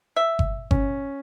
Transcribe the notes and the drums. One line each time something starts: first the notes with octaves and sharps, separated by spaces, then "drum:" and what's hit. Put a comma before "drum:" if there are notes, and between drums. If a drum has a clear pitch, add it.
E5
drum: kick G1
C#4, drum: kick G1